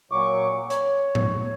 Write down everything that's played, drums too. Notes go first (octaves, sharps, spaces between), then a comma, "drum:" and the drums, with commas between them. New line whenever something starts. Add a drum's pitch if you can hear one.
A#2 F#3 C#6 D6
C#5, drum: hi-hat
drum: tom A2